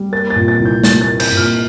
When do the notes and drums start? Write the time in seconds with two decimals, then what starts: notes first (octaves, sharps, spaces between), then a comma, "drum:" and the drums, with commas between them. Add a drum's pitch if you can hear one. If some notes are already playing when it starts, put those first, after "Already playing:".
Already playing: G3
0.13 A#3 A6
0.30 A6
0.36 A#2
0.48 A6
0.60 C2
0.66 G6
0.84 G3 A6, drum: snare
1.01 A6
1.07 A#3
1.20 G6, drum: cymbal
1.32 A#2
1.37 F6